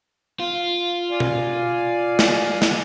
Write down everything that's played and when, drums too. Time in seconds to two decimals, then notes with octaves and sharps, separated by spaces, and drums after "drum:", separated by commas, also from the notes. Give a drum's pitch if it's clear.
0.40 F4
1.11 D5 F5 G#5
1.20 drum: tom B2
2.19 drum: snare
2.62 drum: snare